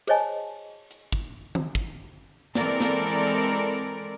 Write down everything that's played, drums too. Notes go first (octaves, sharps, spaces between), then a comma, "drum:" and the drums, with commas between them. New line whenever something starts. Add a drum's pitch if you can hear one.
G#4 C5 C#5 D#5 G#5 A5, drum: cymbal
drum: hi-hat
drum: kick
drum: tom D#3
drum: kick
E3 G#3 C4 A4 A#4 D5, drum: snare
drum: snare